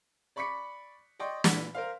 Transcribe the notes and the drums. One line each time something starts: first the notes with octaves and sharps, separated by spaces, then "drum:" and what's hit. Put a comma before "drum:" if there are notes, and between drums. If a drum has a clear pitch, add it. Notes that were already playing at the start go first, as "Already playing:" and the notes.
D5 B5 C#6 D6 B6 C#7
D5 D#5 G5 C6 C#6
A#2 E3 B6, drum: snare
A#4 C5 F5